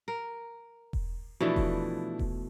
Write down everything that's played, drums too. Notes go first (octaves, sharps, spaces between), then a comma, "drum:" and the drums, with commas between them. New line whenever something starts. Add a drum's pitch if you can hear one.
A#4
drum: kick E1
B2 E3 F3 A3 D4 E4
drum: kick E1
drum: kick E1